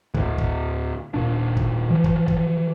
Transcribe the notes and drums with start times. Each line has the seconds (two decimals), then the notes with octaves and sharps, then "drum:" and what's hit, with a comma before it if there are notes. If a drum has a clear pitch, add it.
0.14 D2 A2, drum: kick
0.38 drum: kick
1.14 D#1 A#2 D4
1.57 drum: kick
1.90 E3 F3
2.04 drum: kick
2.28 drum: kick